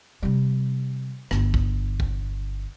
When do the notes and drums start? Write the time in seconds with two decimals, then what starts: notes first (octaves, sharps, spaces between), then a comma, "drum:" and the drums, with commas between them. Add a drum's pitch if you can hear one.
0.22 C3 G3
1.31 G1, drum: rim click
1.54 drum: kick
2.00 drum: kick